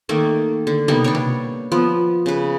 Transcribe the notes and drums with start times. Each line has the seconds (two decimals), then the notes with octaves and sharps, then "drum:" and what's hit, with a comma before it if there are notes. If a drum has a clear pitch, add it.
0.09 D#3 A3 A#3
0.67 D3
0.88 G3 A#3 B3 D#4, drum: tom B2
1.04 D4 C#5
1.15 drum: tom B2
1.72 F3 B3
2.26 C#3 B4